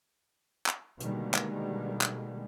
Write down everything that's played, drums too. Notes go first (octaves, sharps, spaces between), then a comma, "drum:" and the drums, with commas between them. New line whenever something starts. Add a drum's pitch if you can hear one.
drum: clap
B2 D3 D#3 G3 G#3 A#3, drum: hi-hat
drum: clap
drum: clap